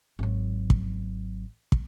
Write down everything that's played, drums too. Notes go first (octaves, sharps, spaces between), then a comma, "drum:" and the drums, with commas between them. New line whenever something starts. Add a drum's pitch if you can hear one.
G#1 F#3
drum: kick
drum: kick